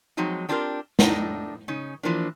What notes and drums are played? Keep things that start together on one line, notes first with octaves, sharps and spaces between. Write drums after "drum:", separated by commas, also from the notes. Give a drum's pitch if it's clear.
F3 F#3 G#3 C4 D#4
C4 D4 F4 G4 A4 A#4
A2 D4 D#4, drum: snare
C#3 C#4 D#4
E3 F3 A#3 D4